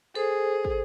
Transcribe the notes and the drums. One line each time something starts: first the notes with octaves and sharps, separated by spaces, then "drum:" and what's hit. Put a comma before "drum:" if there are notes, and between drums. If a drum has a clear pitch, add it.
G#4 A4 C5
drum: kick